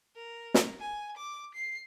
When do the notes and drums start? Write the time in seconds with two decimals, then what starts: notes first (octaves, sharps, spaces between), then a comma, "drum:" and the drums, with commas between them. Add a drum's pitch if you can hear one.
0.16 A#4
0.54 drum: snare
0.80 G#5
1.17 D6
1.55 C7